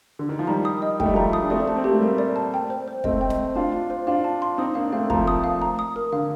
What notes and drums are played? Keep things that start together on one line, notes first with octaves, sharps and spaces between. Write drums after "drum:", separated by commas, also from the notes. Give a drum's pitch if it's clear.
D3
D#3
F3
D#3 G3 A#5
D#6
D#5
A3 G5, drum: kick
G3
F3 A3 A#5
D#6
D4
A3 C4 D5
A5
C4
A#3 G4
A3
G3 A#3 A#4
D5
A5
G5
C5
C5
A3 C4 D#5, drum: kick
G5
drum: snare
C5
D4 F4 A5
C6
C5
D4 F4 F5
A5
C6
C4 D#4 D#6
A#3 D4 F5
A3 C4 F5
F3 A3 A#5, drum: kick
D#6
F5
A#5
D#6
A#4
D3 F5